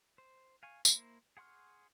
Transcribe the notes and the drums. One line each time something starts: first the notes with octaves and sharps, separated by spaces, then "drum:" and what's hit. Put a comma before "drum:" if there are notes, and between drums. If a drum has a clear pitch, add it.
C5
F5 G#5 C#6
A#3 E4 C5, drum: tambourine
G#4 F#5 C6 C#6 F6